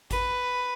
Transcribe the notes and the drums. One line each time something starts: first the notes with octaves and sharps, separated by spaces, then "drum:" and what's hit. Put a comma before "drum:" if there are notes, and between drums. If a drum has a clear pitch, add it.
B4, drum: kick G#1, hi-hat